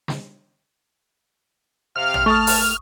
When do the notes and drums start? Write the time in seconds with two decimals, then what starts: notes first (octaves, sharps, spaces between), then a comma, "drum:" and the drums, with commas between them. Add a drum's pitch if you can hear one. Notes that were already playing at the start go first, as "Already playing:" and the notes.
0.08 drum: snare
1.96 C3 F5 F6
2.14 drum: tom
2.26 A3 A5 C#6 D#6
2.47 drum: open hi-hat